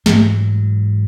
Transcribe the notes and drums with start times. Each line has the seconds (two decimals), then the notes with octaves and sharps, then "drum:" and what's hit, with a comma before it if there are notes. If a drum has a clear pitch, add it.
0.06 G#2 E3 F#3, drum: snare